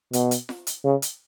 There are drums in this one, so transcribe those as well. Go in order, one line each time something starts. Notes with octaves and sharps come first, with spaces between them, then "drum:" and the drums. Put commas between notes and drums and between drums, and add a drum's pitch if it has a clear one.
B2, drum: hi-hat
drum: hi-hat
drum: snare F4
drum: hi-hat
C#3
drum: hi-hat